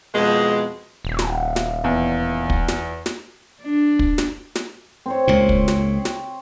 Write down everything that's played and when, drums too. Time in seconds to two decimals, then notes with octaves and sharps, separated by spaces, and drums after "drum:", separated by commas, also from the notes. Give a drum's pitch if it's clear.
0.14 F2 B2 G#3
1.05 D#1
1.19 drum: snare
1.56 drum: snare
1.84 E2
2.50 drum: kick
2.68 drum: snare
3.06 drum: snare
3.62 D4
3.99 drum: kick
4.18 drum: snare
4.55 drum: snare
5.06 C4 C5 C#5
5.28 C#2 A#2
5.49 drum: kick
5.68 drum: snare
6.05 drum: snare